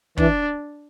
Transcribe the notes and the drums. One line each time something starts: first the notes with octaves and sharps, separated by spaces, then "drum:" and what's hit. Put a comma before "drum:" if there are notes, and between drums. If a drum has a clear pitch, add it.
E3 D4, drum: kick